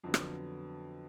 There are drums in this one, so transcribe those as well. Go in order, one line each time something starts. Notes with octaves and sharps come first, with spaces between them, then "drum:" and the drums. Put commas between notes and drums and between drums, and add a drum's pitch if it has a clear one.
F2 D3 F#3 B3
drum: rim click